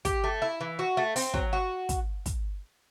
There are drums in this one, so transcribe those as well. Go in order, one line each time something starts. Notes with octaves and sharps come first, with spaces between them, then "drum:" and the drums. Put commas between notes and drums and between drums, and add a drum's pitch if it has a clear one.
G4, drum: kick, hi-hat
A3
E4
E3
F#4
A3
C4, drum: open hi-hat
F#3, drum: kick
F#4
drum: kick, hi-hat
drum: kick, hi-hat